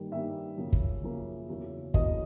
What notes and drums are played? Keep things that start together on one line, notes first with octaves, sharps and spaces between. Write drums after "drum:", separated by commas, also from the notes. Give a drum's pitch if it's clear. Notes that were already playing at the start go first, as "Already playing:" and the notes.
Already playing: G2 D#3 G3 A#3
G2 D#3 G3 A#3 E5
F#2 C#3 F3 A#3
drum: kick
F#2 C#3 F3 A#3
E2 C#3 F#3 A#3
E2 C#3 F#3 A#3 D#5, drum: kick